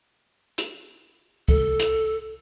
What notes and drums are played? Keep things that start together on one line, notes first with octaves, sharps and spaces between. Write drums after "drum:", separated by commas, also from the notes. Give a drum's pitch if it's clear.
drum: hi-hat
A4, drum: kick C#2
drum: hi-hat